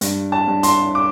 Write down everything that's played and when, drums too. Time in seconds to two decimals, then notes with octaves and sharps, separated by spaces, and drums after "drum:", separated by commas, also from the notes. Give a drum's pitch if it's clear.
0.01 G2, drum: hi-hat
0.32 A5
0.48 G2
0.63 C6, drum: hi-hat
0.95 D6